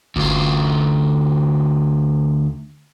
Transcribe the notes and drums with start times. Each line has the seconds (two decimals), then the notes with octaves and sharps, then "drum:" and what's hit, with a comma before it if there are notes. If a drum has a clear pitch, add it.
0.16 D2 F4, drum: kick G1